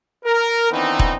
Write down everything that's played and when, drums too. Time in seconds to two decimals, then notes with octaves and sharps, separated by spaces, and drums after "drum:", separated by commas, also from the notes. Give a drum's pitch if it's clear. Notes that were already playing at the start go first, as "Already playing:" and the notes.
0.25 A#4
0.71 D#3 E3 B3 C4 D4 D#4
0.99 drum: kick